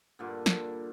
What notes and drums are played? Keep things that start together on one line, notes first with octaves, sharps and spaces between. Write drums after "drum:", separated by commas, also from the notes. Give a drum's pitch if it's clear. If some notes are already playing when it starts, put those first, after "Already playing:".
G2 A#2 D3
drum: snare